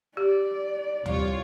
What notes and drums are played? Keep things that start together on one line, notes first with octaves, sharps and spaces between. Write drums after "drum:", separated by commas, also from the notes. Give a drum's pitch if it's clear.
G4 D5
C2 F4 C#5, drum: tom D2